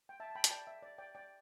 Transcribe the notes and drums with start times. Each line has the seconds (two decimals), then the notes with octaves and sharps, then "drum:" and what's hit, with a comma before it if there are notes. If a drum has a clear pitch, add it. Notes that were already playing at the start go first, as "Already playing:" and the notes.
0.09 G5
0.20 E5 A5
0.30 A5
0.35 G5 B5
0.44 A5, drum: hi-hat
0.51 D5 G5
0.67 E5
0.82 D5
0.98 D5 G5
1.15 D5 G5